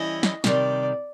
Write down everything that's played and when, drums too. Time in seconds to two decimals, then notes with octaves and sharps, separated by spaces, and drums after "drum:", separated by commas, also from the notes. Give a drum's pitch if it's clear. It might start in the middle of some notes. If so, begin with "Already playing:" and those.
Already playing: E3 G3 C#4 E4 D#5
0.23 drum: snare
0.44 C3 D#3 G3 D5, drum: snare